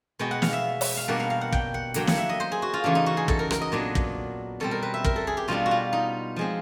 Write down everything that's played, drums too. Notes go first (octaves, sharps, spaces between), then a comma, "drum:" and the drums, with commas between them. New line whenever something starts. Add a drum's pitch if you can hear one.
B2 G#3 B3 G5
F#5
F5, drum: snare
E5
drum: open hi-hat
F5
B2 G3 A#3 D4 F#5
F5
F5
F#5
G5, drum: kick
F#5
D3 F#3 A#3 D4 G5, drum: hi-hat
F#5, drum: snare
E5
D#5
C5
G#4
F#4
F4
C#3 E3 A3 D4
D#4
F#4
G#4
A4, drum: kick
A#4
A#4, drum: rim click
D#5
A#2 F#3 B3 D4
drum: kick
B2 G3 C4 A4
A#4
B4
E5
A#4, drum: kick
A4
G#4
G4
B2 G3 B3 D4 F4
F#4
F4
D#4
F3 G#3 C4